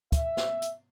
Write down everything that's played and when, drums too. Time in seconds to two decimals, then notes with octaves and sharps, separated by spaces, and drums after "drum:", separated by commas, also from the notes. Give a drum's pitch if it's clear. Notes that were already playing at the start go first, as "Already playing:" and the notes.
0.12 E5, drum: kick, hi-hat
0.37 drum: snare
0.62 drum: hi-hat